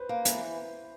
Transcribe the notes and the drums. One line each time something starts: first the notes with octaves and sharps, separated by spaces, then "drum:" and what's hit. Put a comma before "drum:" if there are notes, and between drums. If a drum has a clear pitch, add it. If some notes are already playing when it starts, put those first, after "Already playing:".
Already playing: B4 C5
A#3
E3, drum: hi-hat